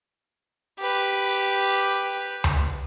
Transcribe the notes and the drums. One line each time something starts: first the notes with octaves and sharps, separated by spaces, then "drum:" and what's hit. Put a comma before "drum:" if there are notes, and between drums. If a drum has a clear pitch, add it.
G4 B4
drum: tom D2